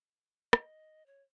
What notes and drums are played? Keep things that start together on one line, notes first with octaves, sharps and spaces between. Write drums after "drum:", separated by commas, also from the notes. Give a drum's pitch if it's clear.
D#5, drum: rim click
C#5